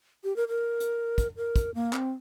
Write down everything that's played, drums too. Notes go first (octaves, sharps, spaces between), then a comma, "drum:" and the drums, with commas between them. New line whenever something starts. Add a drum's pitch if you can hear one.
G4
A#4
A#4
drum: hi-hat
drum: kick, hi-hat
A#4
drum: kick, hi-hat
A#3
C4, drum: clap